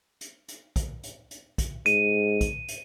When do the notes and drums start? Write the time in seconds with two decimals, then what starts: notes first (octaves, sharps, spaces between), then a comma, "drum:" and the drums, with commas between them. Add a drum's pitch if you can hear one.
0.21 drum: hi-hat
0.48 drum: hi-hat
0.76 drum: kick, hi-hat
1.03 drum: hi-hat
1.31 drum: hi-hat
1.58 drum: kick, hi-hat
1.86 G#2 D#7, drum: hi-hat
2.41 drum: kick, hi-hat
2.68 drum: hi-hat